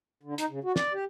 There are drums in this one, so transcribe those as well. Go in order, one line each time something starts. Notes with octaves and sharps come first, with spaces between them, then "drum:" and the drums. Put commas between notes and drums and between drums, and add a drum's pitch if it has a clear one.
D3
D#4, drum: hi-hat
C#3
F#4
D5, drum: snare
G4